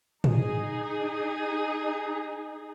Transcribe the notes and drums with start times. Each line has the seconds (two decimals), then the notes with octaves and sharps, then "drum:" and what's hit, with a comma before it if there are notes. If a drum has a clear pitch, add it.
0.24 D#4 G#4, drum: tom